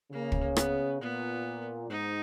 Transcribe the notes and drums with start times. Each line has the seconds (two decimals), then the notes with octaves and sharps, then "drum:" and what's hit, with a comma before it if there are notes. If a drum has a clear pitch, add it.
0.12 C#3 A#3
0.32 drum: kick
0.56 B3, drum: rim click
1.01 A#2 B3
1.89 G#2 D#4